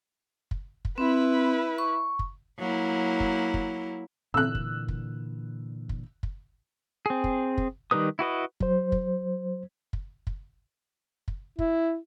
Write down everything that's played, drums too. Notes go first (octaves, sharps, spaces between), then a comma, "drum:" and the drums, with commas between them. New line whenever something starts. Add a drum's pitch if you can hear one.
drum: kick
drum: kick
C4 E4 B4
C#6
drum: kick
F#3 A#3 E4
drum: kick
drum: kick
A#2 D3 E3 E6 F#6
drum: kick
drum: kick
drum: kick
drum: kick
C4 G#4
drum: kick
drum: kick
D#3 G3 D#4 B4 D#6
E4 F#4 B4 D#5
F#3 C5, drum: kick
drum: kick
drum: kick
drum: kick
drum: kick
E4, drum: kick